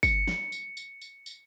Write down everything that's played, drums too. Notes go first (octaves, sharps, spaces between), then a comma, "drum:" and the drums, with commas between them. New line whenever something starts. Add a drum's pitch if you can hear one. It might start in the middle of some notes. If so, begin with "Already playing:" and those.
C#7, drum: kick, tambourine
drum: snare
drum: tambourine
drum: tambourine
drum: tambourine
drum: tambourine